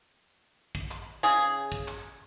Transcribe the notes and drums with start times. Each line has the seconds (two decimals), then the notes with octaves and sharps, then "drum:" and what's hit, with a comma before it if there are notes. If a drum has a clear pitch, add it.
0.75 drum: kick
0.91 drum: clap
1.23 C#3 G#4
1.72 drum: kick
1.88 drum: clap